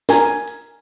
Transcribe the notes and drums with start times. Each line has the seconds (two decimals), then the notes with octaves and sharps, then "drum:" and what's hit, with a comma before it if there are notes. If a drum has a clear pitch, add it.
0.09 A#4 G#5, drum: snare
0.48 drum: hi-hat